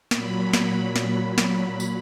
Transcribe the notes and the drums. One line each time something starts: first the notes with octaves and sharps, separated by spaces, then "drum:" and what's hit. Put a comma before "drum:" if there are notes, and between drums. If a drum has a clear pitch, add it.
A#2 F#3 B5, drum: snare
drum: snare
drum: snare
drum: snare
drum: tambourine